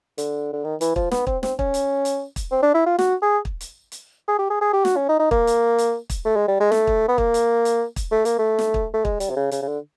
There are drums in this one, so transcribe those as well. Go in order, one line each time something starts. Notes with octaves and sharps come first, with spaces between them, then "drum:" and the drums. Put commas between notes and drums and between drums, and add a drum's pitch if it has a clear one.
D3, drum: hi-hat
D3
D#3
E3, drum: hi-hat
F3, drum: kick
B3, drum: snare
C4, drum: kick
C4, drum: snare
C#4, drum: kick
drum: hi-hat
drum: hi-hat
drum: kick, hi-hat
C4
D4
E4
F4
F#4, drum: snare
G#4
drum: kick
drum: hi-hat
drum: hi-hat
G#4
G4
G#4
G#4
G4
F#4, drum: snare
C#4
D#4
D#4
A#3, drum: kick
drum: hi-hat
drum: hi-hat
drum: kick, hi-hat
A3
G#3
G3
G#3
A3, drum: snare
drum: kick
B3
A#3, drum: kick
drum: hi-hat
drum: hi-hat
drum: kick, hi-hat
A3
A#3, drum: hi-hat
A3
drum: snare
drum: kick
A3
G#3, drum: kick
G3, drum: hi-hat
C3
C#3
C#3, drum: hi-hat
C#3
D3